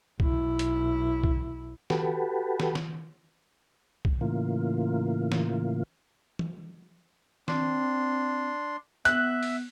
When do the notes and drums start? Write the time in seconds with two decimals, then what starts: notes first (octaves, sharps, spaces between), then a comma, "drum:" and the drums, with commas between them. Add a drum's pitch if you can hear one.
0.20 B1 E4, drum: kick B1
0.59 drum: hi-hat
1.24 drum: kick B1
1.90 F#4 G4 A4 B4, drum: snare
2.60 drum: snare
2.75 drum: snare
4.05 drum: kick B1
4.21 A2 C#3 E3 A#3 F4
5.32 drum: snare
6.39 drum: tom
7.48 C4 D4 C6, drum: snare
9.05 B3 E5 F#6, drum: hi-hat
9.43 drum: open hi-hat